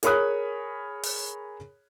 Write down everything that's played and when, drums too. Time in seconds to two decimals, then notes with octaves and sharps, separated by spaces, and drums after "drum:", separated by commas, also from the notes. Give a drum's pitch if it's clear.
0.03 G#4 A#4 C#5 B5 D#6 F#6, drum: hi-hat
1.03 drum: open hi-hat